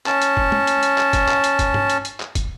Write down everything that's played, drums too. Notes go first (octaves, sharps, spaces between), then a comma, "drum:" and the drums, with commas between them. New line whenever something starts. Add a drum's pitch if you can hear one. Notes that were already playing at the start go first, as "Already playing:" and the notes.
C#4 A5, drum: clap
drum: hi-hat
drum: kick
drum: tom
drum: hi-hat
drum: hi-hat
drum: clap
drum: kick, hi-hat
drum: clap
drum: hi-hat
drum: kick, hi-hat
drum: tom
drum: hi-hat
drum: hi-hat
drum: clap
drum: kick, hi-hat